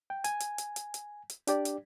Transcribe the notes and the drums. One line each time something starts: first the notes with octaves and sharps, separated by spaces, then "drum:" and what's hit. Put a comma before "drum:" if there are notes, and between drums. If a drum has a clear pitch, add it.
G5
G#5, drum: hi-hat
drum: hi-hat
drum: hi-hat
drum: hi-hat
drum: hi-hat
drum: hi-hat
D4 G4 D5, drum: hi-hat
drum: hi-hat